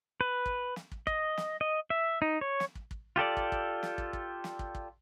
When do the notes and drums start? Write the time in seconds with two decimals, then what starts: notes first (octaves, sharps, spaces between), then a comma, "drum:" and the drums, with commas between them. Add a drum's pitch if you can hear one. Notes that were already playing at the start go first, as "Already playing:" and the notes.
0.21 B4
0.46 drum: kick
0.76 drum: snare
0.92 drum: kick
1.07 D#5, drum: kick
1.37 drum: snare
1.61 D#5
1.90 E5
2.22 D#4
2.41 C#5
2.60 drum: snare
2.75 drum: kick
2.91 drum: kick
3.16 F4 G4 A4 D5
3.37 drum: kick
3.52 drum: kick
3.83 drum: snare
3.98 drum: kick
4.13 drum: kick
4.44 drum: snare
4.59 drum: kick
4.75 drum: kick